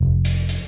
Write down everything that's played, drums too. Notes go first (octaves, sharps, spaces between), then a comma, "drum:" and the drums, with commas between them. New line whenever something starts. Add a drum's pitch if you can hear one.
F1
drum: hi-hat
drum: hi-hat